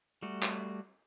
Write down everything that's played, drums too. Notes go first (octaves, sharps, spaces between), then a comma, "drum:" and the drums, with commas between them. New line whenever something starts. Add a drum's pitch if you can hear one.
G3 A3 F#4
drum: clap